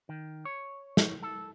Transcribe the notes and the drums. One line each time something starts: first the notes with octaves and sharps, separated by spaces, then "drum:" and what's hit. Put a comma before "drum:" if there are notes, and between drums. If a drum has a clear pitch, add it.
D#3
C#5
drum: snare
A4